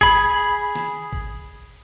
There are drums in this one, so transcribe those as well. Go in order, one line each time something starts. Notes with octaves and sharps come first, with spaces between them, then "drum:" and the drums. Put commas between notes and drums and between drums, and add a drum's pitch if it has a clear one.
G#4 B5, drum: kick
drum: snare
drum: kick